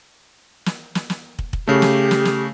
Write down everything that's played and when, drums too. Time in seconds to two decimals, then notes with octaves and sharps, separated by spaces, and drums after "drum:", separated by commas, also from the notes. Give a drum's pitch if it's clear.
0.66 drum: snare
0.95 drum: snare
1.10 drum: snare
1.39 drum: kick
1.53 drum: kick
1.68 C#3 A3 G4
1.82 drum: snare
2.11 drum: snare
2.25 drum: snare